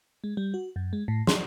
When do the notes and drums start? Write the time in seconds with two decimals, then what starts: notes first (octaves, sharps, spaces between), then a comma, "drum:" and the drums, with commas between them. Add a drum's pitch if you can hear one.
0.24 G#3
0.37 G3
0.54 F#4
0.76 F#2
0.93 G#3
1.08 A2
1.27 C6, drum: snare